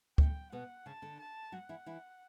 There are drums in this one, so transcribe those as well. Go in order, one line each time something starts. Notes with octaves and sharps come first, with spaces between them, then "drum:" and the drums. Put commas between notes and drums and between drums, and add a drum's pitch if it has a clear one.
A2 A3 G5, drum: kick
B2 B3 F#5
C#3 C#4 A5
D3 D4
A5
F#3 F#4 F#5
E3 E4
E3 E4